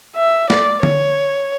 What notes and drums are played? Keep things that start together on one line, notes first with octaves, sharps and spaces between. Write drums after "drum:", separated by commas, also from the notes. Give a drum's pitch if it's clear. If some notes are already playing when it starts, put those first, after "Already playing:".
E5
D5, drum: snare
C#5, drum: tom D3